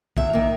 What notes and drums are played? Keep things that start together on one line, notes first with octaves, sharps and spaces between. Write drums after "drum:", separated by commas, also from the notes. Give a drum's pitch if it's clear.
E2 E5, drum: kick B1
D#3 A#3